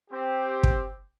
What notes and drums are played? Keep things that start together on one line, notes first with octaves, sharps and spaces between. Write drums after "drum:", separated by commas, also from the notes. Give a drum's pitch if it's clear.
C4 G4
drum: kick